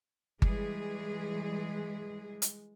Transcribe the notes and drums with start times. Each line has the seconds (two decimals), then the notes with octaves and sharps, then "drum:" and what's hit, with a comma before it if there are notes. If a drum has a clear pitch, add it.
0.42 E3 G3 G#3 G#4, drum: kick G1
2.42 drum: hi-hat